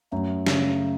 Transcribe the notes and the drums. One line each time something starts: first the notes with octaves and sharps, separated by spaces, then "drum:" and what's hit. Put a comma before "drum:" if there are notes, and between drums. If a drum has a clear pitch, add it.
F#2 A3
C#3, drum: snare